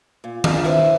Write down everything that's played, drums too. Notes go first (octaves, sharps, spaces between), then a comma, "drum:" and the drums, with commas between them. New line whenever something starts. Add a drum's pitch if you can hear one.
A#2
D4 F4 G#4, drum: tom D#3
E4 B4 C5